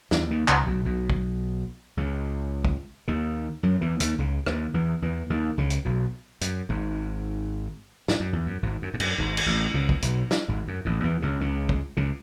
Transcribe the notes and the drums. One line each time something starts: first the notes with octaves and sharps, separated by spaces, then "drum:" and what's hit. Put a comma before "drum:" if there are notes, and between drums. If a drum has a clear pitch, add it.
E2 E3, drum: snare
D#2 D#3
C#2 C#3, drum: clap
B1 B2
B1 B2
drum: kick
C#2 C#3
drum: kick
D#2 D#3
F#2 F#3
E2 E3
D#2 D#3, drum: hi-hat
C#2 C#3
D#2 D#3, drum: rim click
E2 E3
E2 E3
D#2 D#3
C#2 C#3
drum: hi-hat
B1 B2
F#2, drum: hi-hat
G#1 G#2
G#2, drum: snare
F#2
E2
F#2
G#1 G#2
F#2
G#2
F#2, drum: cymbal
G#1 G#2
drum: cymbal
A1 A2
C#2 C#3
drum: kick
B1 B2, drum: hi-hat
drum: snare
G#1 G#2
F#2
A1 A2
E2 E3
C#2 C#3
C#2 C#3
drum: kick
C#2 C#3